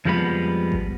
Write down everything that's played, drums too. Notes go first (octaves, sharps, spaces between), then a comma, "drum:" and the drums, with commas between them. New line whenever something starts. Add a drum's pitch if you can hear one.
F2 F3 G3 G#3 B3 B5
drum: kick G#1